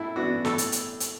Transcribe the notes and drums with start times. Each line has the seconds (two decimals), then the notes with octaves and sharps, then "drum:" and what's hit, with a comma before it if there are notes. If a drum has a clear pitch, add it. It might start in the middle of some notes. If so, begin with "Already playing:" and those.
Already playing: A2 E4
0.16 E3 B3 D4 F#4
0.45 A2 A4, drum: snare
0.58 drum: hi-hat
0.72 drum: hi-hat
1.00 drum: hi-hat